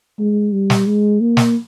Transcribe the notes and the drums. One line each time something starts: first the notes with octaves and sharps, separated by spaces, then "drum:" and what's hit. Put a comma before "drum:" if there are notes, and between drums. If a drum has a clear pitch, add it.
G#3
G3
drum: snare
G#3
A#3
drum: snare